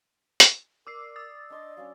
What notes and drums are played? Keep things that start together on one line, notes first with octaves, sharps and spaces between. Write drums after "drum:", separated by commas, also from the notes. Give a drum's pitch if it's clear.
drum: hi-hat
A#4 D5 D6 E6 C7
D#6 E6 A6
D4 D#5 C6 D6
F#3 C#4 F5